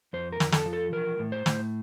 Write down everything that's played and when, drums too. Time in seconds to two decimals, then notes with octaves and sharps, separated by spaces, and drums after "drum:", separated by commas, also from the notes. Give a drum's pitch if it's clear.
0.13 F2 C5
0.32 A#4
0.40 F2, drum: snare
0.52 A4, drum: snare
0.66 F3
0.73 A4
0.92 E3 A#4
1.19 A2
1.32 C5
1.46 A2, drum: snare